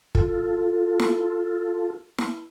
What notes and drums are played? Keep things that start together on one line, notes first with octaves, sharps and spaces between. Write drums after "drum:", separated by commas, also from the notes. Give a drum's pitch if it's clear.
F4 A4, drum: kick
drum: snare
drum: snare